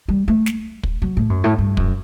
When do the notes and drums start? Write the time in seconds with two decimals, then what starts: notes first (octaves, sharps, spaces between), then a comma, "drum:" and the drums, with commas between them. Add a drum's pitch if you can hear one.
0.08 G3
0.28 A3
0.46 drum: snare
0.83 drum: kick
1.02 F#3
1.17 A2
1.30 F#2
1.44 A2
1.58 G2
1.77 F#2, drum: kick